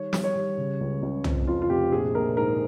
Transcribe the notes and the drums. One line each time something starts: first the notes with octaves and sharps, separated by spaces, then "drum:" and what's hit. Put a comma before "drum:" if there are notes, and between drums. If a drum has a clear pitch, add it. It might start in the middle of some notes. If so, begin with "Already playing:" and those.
Already playing: D#3 G3 C#5
G3, drum: snare
C#5
G3
C#3
C#2
C#2
F2, drum: tom
F2 F4
F4
F1 G4
A#1 G#4
A#1 A#4
G#2 A#4